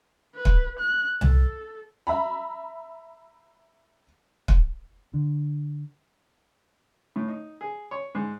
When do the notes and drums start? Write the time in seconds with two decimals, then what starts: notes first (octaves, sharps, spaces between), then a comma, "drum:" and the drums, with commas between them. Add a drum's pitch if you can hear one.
0.35 B4
0.45 drum: kick
0.80 F#6
1.21 A4, drum: tom C2
2.07 E5 A#5 B5
4.48 drum: kick
5.14 D3
7.16 A2
7.28 D#4
7.61 G#4
7.91 C#5
8.15 G#2